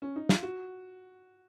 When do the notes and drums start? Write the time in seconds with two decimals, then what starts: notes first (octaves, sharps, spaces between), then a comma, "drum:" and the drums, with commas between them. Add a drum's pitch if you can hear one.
0.02 C#4
0.16 D#4
0.29 F4, drum: snare
0.43 F#4